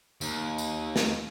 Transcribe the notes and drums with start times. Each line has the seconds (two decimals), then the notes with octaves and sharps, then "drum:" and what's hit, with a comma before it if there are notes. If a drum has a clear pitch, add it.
0.21 D#2, drum: tambourine
0.58 drum: tambourine
0.96 drum: snare